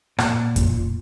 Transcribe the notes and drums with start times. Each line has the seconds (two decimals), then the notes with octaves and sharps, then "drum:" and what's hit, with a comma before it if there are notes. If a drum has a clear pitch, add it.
0.18 A#2, drum: rim click
0.56 drum: kick F2, hi-hat